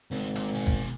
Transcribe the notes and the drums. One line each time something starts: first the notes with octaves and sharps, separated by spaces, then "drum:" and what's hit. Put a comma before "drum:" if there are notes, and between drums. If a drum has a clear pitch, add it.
G#1 C#3 B4
A#2, drum: hi-hat
B2 G#5
drum: kick